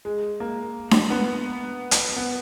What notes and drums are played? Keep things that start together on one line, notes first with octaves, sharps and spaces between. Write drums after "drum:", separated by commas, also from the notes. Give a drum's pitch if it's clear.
G#3
A#3
drum: snare D4
B3
drum: hi-hat
B3